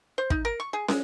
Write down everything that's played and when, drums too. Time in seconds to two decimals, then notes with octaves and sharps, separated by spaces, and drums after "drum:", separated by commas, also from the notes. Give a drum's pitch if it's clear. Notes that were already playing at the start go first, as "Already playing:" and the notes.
0.18 C5
0.30 D#4, drum: kick
0.45 A#4
0.60 C#6
0.73 G#4
0.88 G#3, drum: snare